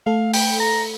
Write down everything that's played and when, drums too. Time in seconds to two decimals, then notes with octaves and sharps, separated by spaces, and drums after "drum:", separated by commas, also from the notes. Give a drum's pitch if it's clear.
0.06 A3 A4 F5
0.33 G5, drum: open hi-hat
0.60 A#5